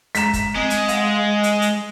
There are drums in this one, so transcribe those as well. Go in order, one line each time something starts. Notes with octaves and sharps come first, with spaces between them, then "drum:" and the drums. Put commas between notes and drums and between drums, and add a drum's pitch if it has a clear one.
G#3 A#5 B6 E7, drum: hi-hat
drum: kick, hi-hat
G#3 C4
drum: hi-hat
F5 F#5, drum: hi-hat
drum: hi-hat
drum: hi-hat